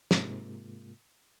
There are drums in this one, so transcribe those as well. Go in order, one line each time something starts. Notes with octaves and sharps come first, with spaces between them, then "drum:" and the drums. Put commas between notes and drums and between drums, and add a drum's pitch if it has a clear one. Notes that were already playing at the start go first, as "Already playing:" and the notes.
G#2 C3 G#3 A#3 F4, drum: snare